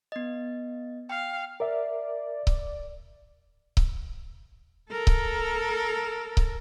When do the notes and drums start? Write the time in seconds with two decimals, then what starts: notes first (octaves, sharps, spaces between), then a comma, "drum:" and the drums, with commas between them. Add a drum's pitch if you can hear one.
0.12 B3 D#5
1.09 F5 G5
1.60 A#4 D5 E5
2.47 drum: kick C#1
3.77 drum: kick C#1
4.91 A4 A#4
5.07 drum: kick C#1
6.37 drum: kick C#1